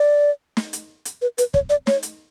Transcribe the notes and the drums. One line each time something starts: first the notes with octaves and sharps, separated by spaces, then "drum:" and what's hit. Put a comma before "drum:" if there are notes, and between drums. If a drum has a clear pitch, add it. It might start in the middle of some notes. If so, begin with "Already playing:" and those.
Already playing: D5
drum: snare
drum: hi-hat
drum: hi-hat
B4
B4, drum: hi-hat
C#5, drum: kick
D5
C#5, drum: snare
drum: hi-hat